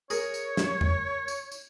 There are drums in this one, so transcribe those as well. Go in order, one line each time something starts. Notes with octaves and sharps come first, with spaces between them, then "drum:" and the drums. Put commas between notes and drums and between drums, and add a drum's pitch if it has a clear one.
G#4 A#4 C#5, drum: tambourine
drum: tambourine
drum: snare
drum: tom E2
drum: tambourine
drum: tambourine